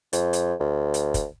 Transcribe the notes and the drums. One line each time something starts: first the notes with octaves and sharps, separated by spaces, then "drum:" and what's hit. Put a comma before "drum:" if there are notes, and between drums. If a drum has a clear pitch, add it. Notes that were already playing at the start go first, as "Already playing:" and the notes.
F2, drum: hi-hat
drum: hi-hat
D2
drum: hi-hat
drum: kick, hi-hat